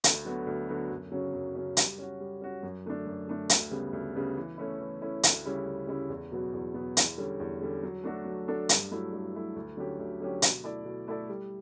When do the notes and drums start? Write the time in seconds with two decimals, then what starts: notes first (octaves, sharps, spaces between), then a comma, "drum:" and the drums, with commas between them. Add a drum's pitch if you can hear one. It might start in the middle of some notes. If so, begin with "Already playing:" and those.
0.04 D2, drum: hi-hat
0.25 D3 F#3 B3 F#4
0.47 D2
0.69 D3 F#3 B3 F#4
0.91 F#2
1.12 C#3 F#3 C#4
1.33 F#2
1.55 C#3 F#3 C#4
1.77 G3, drum: hi-hat
1.98 C#4 F#4
2.21 G3
2.41 C#4 F#4
2.63 F#2
2.85 D3 A3 D4
3.07 F#2
3.28 D3 A3 D4
3.49 D2, drum: hi-hat
3.71 C#3 G3 B3
3.93 D2
4.15 C#3 G3 B3
4.37 E3
4.58 A3 C#4 E4
4.80 E3
5.02 A3 C#4 E4
5.23 D2, drum: hi-hat
5.45 C#3 G3 C#4 E4
5.66 D2
5.87 C#3 G3 C#4 E4
6.09 E2
6.32 B2 F#3 B3
6.53 E2
6.74 B2 F#3 B3
6.97 E2, drum: hi-hat
7.18 D3 G3 C#4
7.40 E2
7.61 D3 G3 C#4
7.83 F#3
8.04 A3 D4 F#4 A4
8.25 F#3
8.48 A3 D4 F#4 A4
8.69 G2, drum: hi-hat
8.91 F#3 A3 E4
9.13 G2
9.34 F#3 A3 E4
9.56 D2
9.77 D3 F#3 C#4 G4
9.99 D2
10.20 D3 F#3 C#4 G4
10.42 B2, drum: hi-hat
10.64 A3 E4 A4 D5
10.85 B2
11.08 A3 E4 A4 D5
11.29 G3